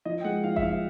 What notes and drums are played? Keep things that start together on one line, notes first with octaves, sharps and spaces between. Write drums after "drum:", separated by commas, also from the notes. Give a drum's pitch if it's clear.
F3 D#5
G5
G#3 F#5
F3 F5
E5, drum: kick G1
F3 F5